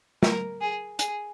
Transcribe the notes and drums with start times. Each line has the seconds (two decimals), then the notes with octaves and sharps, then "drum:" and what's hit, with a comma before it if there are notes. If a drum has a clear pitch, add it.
0.23 A#4, drum: snare
0.61 G#4
0.99 G#4, drum: hi-hat